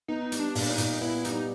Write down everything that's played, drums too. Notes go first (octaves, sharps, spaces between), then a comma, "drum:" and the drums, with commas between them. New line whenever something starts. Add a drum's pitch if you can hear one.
B3 D#4
G3, drum: hi-hat
D4
A#2, drum: open hi-hat
D#4
A#2, drum: hi-hat
B3 E4
G3 D#4, drum: hi-hat